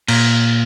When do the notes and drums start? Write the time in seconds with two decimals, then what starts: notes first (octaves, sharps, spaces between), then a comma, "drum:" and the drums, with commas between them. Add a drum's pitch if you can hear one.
0.08 A#2, drum: cymbal